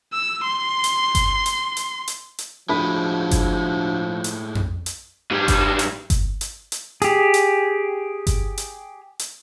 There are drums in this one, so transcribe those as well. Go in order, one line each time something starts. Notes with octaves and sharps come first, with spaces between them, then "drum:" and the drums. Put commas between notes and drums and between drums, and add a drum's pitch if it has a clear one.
E6
C6
drum: hi-hat
drum: kick G1, hi-hat
drum: hi-hat
drum: hi-hat
drum: hi-hat
drum: hi-hat
D2 A2 F3 G#3 B5
drum: kick G1, hi-hat
drum: hi-hat
drum: tom F2
drum: hi-hat
G#2 G3
drum: kick G1, hi-hat
drum: hi-hat
drum: kick G1, hi-hat
drum: hi-hat
drum: hi-hat
G4 G#4, drum: hi-hat
drum: hi-hat
drum: kick G1, hi-hat
drum: hi-hat
drum: hi-hat